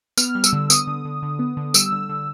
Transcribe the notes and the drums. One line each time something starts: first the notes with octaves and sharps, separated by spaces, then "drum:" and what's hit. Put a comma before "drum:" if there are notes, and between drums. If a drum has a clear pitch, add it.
B3 F6, drum: tambourine
G3
E6, drum: tambourine
D3
B3 D#6, drum: tambourine
D3
D3
D3
B3
D3
G3 E6, drum: tambourine
D3
D3